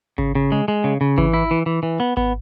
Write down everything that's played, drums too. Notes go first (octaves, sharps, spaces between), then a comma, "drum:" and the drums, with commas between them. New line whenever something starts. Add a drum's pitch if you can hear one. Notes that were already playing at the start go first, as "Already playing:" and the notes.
C#3, drum: kick G#1
C#3
G#3
G#3
C#3
C#3
E3, drum: kick G#1
E4
E3
E3
E3
B3
B3, drum: kick G#1